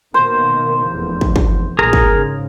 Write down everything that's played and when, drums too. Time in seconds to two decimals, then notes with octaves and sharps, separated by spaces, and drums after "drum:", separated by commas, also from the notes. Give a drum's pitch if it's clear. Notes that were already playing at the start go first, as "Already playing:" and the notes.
0.14 B2 D#3 A#3 C5
0.86 F1 E2
1.21 drum: kick
1.36 drum: kick
1.79 A#1 F3 A#3 G#4 A#4 A#5
1.93 drum: kick
2.11 G#2 C#3